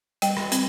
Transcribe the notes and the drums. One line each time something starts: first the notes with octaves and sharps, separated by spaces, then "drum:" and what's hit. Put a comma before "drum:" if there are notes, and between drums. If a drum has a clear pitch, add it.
G3 G5, drum: hi-hat
drum: rim click
C4, drum: hi-hat